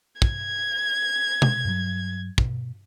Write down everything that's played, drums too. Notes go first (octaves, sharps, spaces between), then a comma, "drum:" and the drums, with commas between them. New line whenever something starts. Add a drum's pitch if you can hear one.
G#6, drum: kick
drum: tom B2
G2 F#3
B2, drum: kick